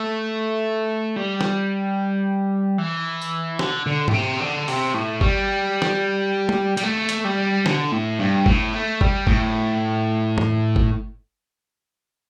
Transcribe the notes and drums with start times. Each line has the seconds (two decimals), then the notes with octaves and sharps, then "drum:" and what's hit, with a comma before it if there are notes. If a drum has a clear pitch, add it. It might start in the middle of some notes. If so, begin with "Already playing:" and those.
Already playing: A3
1.16 G3
1.41 drum: snare
2.78 E3
3.21 drum: tambourine
3.59 D3, drum: snare
3.86 D3
4.08 A2, drum: tom G#2
4.13 C3
4.40 D3
4.68 C3, drum: open hi-hat
4.94 A2
5.21 G3, drum: kick G1
5.82 drum: snare
6.49 drum: tom
6.77 G3, drum: hi-hat
6.83 A3
7.09 drum: hi-hat
7.25 G3
7.66 D3, drum: snare
7.92 A2
8.19 G2
8.46 A2, drum: kick G1
8.74 A3
9.01 G3, drum: kick G1
9.27 A2, drum: kick G1
10.38 drum: tom F#2
10.76 drum: kick G1